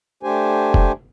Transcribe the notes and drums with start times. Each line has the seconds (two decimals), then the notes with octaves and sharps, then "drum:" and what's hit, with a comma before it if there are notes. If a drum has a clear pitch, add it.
0.23 A3 D4 G4 C5 G#5
0.74 drum: kick F1